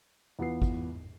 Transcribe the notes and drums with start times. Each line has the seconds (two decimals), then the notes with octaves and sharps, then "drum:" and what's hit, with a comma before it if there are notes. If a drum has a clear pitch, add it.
0.39 E2 B3 F4 B4 C7
0.62 drum: kick